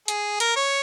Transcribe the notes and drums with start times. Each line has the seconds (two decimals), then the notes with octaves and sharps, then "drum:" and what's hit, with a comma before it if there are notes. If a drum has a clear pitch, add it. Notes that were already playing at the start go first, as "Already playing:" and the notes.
0.08 G#4, drum: hi-hat
0.40 A#4, drum: hi-hat
0.56 C#5